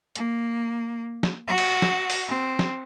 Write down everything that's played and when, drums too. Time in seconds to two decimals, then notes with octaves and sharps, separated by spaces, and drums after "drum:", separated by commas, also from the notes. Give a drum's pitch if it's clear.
0.15 A#3, drum: hi-hat
1.23 drum: snare
1.47 F#4
1.58 drum: cymbal
1.82 drum: snare
2.10 drum: open hi-hat
2.28 C4
2.59 drum: snare